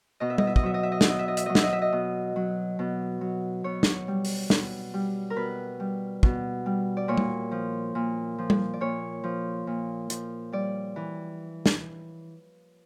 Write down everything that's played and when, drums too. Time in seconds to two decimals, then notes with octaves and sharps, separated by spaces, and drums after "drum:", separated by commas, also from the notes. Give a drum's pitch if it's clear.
0.20 B2 D#5
0.30 E5
0.38 D#5, drum: tom G3
0.47 E5
0.56 D#5, drum: kick
0.63 F#3 E5
0.74 D#5
0.83 E5
0.92 D#5
1.01 E5, drum: snare
1.07 B2 D#5
1.19 E5
1.28 D#5
1.37 E5, drum: hi-hat
1.46 F#3 D#5
1.55 E5, drum: snare
1.63 D#5
1.73 E5
1.82 D#5
1.92 B2
2.36 F#3
2.79 B2
3.21 F#3
3.64 B2 C#5
3.83 drum: snare
4.08 G3
4.25 drum: open hi-hat
4.50 B2, drum: snare
4.94 G3
5.30 A#4
5.36 B2 B4
5.80 G3
6.23 B2, drum: kick
6.66 G3
6.97 D5
7.08 A#2 C#5
7.18 drum: tom G3
7.51 F3
7.95 A#2
8.38 F3
8.50 drum: tom G3
8.74 D5
8.81 A#2 C#5
9.24 F3
9.67 A#2
10.10 F3, drum: hi-hat
10.52 G3 D5
10.96 E3
11.66 drum: snare